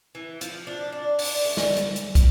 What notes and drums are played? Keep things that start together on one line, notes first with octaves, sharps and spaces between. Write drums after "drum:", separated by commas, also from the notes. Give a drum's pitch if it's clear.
E3
F3, drum: hi-hat
D4
D4
D4, drum: open hi-hat
A3
drum: snare
drum: hi-hat
drum: hi-hat
drum: kick, hi-hat